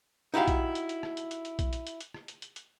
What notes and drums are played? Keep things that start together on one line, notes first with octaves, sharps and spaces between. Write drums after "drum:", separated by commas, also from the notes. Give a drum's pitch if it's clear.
D#4 E4 F#4 G4 F5
drum: kick A#1, hi-hat
drum: hi-hat
drum: hi-hat
drum: rim click
drum: hi-hat
drum: hi-hat
drum: hi-hat
drum: kick A#1, hi-hat
drum: hi-hat
drum: hi-hat
drum: hi-hat
drum: rim click
drum: hi-hat
drum: hi-hat
drum: hi-hat